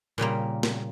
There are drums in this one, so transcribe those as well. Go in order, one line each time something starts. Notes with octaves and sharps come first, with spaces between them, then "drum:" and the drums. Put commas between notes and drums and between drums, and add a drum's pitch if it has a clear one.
A#2 C#3 G3 A#3
drum: snare